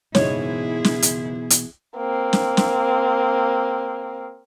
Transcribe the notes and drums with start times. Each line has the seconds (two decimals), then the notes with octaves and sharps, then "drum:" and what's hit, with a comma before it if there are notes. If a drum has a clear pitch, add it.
0.15 F#1 G#2 B2 E3 E4 G#4 C#5 D#5, drum: snare
0.84 drum: snare
1.02 drum: hi-hat
1.50 drum: hi-hat
1.97 A#3 C4
2.33 drum: snare
2.57 drum: snare